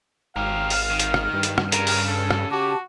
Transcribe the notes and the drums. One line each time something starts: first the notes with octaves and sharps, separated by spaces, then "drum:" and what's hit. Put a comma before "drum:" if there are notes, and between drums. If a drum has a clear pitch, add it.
G#1 G4 A#4 F5 F6
drum: open hi-hat
D#3
drum: hi-hat
drum: rim click
G2
drum: hi-hat
drum: rim click
C#3 A#4, drum: hi-hat
drum: open hi-hat
A4
drum: rim click
F#4 G4 A5 D6